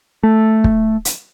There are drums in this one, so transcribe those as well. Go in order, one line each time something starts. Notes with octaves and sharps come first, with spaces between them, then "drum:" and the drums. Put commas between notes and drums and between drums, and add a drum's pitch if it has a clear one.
A3
drum: kick
drum: hi-hat